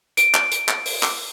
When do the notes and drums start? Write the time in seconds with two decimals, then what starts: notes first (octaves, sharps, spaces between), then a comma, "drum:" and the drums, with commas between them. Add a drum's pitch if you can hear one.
0.17 D7, drum: hi-hat
0.34 drum: clap
0.51 drum: hi-hat
0.68 drum: clap
0.85 drum: open hi-hat
1.03 drum: clap